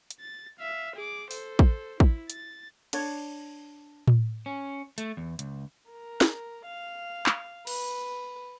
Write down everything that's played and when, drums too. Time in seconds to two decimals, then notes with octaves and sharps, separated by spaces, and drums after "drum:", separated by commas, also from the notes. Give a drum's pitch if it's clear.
0.10 drum: hi-hat
0.20 A6
0.59 E5 F5
0.96 G#4 D6
1.31 A4 C5, drum: open hi-hat
1.59 drum: kick
2.00 E4, drum: kick
2.30 A6, drum: hi-hat
2.93 D4 C#5, drum: cymbal
4.08 drum: tom A2
4.46 C#4
4.98 A3, drum: hi-hat
5.17 E2
5.39 C#2, drum: hi-hat
5.90 A#4
6.21 drum: snare
6.66 F5
7.26 drum: clap
7.67 B4, drum: cymbal